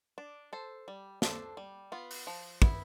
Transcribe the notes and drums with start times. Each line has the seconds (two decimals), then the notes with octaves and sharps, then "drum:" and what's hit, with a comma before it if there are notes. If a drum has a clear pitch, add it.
0.18 D4
0.53 A4 C5
0.88 G3
1.22 D4 A4 C5, drum: snare
1.57 G3
1.92 B3 F4
2.11 drum: open hi-hat
2.27 F3
2.62 B3 E4, drum: kick